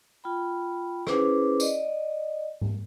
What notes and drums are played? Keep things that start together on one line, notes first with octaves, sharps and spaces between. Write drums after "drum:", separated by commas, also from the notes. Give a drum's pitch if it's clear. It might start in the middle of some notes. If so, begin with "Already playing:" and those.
F4 G5 B5
C#4 E4 G#4 B4 C5 D6, drum: rim click
D5 D#5, drum: tambourine
drum: tom G#2